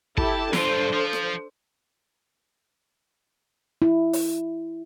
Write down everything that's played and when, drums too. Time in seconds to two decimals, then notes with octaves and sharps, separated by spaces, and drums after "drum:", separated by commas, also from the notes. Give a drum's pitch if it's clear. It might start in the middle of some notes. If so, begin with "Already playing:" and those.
0.17 E4 G4 A4 A5, drum: kick
0.53 G2 D4 F4 A4 C5, drum: snare
0.93 F3
1.13 drum: rim click
3.82 E4
4.13 drum: open hi-hat